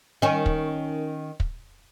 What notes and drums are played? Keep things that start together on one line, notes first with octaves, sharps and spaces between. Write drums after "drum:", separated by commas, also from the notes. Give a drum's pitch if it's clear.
D#3 C#4
drum: kick
drum: kick